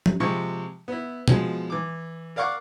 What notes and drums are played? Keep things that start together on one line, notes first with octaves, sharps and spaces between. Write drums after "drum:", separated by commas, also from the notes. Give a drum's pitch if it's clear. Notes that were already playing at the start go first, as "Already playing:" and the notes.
drum: tom
C3 F3 G#3 C#6
B3 E4
B2 F3 G#3, drum: tom
E3 D6
A#4 D5 F5 F#5 C#6 D6